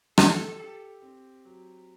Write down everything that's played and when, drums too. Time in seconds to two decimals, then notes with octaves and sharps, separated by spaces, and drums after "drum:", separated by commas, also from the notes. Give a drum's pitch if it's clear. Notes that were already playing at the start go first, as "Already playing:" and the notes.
0.18 G4 A4, drum: rim click
0.60 G4
1.02 C4
1.45 F#3